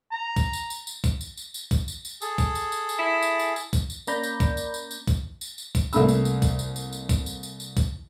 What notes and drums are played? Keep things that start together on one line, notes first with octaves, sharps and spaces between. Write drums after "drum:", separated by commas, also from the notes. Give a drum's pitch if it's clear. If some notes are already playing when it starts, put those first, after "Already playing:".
A#5
drum: kick B1, tambourine
drum: tambourine
drum: tambourine
drum: tambourine
drum: kick B1, tambourine
drum: tambourine
drum: tambourine
drum: tambourine
drum: kick B1, tambourine
drum: tambourine
drum: tambourine
G#4 A4, drum: tambourine
drum: kick B1, tambourine
drum: tambourine
drum: tambourine
drum: tambourine
E4
drum: tambourine
drum: tambourine
drum: tambourine
drum: kick B1, tambourine
drum: tambourine
A#3 C#4 D5 A#5 B5 G6, drum: tambourine
drum: tambourine
drum: kick B1, tambourine
drum: tambourine
drum: tambourine
drum: tambourine
drum: kick B1, tambourine
drum: tambourine
drum: tambourine
drum: kick B1, tambourine
C2 A3 A#3 B5 E6, drum: tambourine
drum: tambourine
drum: tambourine
drum: kick B1, tambourine
drum: tambourine
drum: tambourine
drum: tambourine
drum: kick B1, tambourine
drum: tambourine
drum: tambourine
drum: tambourine
drum: kick B1, tambourine